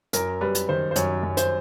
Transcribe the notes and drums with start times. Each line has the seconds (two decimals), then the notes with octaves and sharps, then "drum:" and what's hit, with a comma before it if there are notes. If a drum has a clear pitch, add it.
0.13 F#2 A#4, drum: hi-hat
0.41 G3 B4
0.55 drum: hi-hat
0.69 D#3 C5
0.91 C5
0.96 F#2 C#5, drum: hi-hat
1.23 F#2
1.37 C5, drum: hi-hat